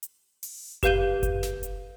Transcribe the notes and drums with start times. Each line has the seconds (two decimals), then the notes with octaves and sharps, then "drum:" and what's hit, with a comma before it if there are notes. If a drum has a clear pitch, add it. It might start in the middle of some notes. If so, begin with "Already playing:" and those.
0.03 drum: hi-hat
0.43 drum: open hi-hat
0.83 G4 B4 F5 G6 D#7 G7, drum: kick F#1, hi-hat
1.23 drum: kick F#1, hi-hat
1.43 drum: snare
1.63 drum: hi-hat